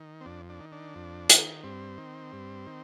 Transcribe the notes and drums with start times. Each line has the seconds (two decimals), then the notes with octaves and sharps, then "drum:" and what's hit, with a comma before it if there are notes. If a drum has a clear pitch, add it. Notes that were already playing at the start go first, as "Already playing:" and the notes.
Already playing: D#3
0.21 C4
0.26 F2 D4
0.49 D4
0.60 D#3
0.72 D4
0.95 F2
1.29 D#3, drum: hi-hat
1.64 G2 C4
1.98 D#3
2.32 G2
2.67 D#3